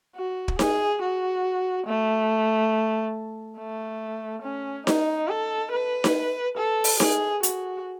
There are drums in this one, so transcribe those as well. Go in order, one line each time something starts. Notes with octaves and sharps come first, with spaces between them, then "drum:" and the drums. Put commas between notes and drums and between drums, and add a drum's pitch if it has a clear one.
F#4
drum: kick
G#4, drum: snare D#4
F#4
A3
A3
C#4
D#4, drum: snare D#4
A4
B4
drum: snare D#4
A4
drum: open hi-hat
G#4, drum: snare D#4
F#4, drum: hi-hat